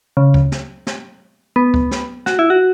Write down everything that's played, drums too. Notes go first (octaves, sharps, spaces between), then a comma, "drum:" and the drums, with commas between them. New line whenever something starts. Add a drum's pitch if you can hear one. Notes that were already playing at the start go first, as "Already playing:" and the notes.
C#3
drum: kick C#2
drum: snare
drum: snare
B3
drum: kick C#2
drum: snare
F#4, drum: snare
E4
F#4